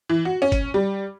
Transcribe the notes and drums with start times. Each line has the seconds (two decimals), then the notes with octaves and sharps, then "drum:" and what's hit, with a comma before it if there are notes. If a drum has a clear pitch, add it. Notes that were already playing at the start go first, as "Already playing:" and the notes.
0.09 E3
0.25 F#4
0.42 C#4
0.52 drum: kick, hi-hat
0.74 G3